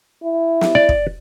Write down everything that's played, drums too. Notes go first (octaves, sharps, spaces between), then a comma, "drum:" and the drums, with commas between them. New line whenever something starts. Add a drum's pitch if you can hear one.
E4
drum: snare
D5
drum: kick